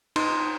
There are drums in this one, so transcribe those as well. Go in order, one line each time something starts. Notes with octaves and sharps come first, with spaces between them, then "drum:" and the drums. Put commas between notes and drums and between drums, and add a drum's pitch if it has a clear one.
D#4 C6, drum: cymbal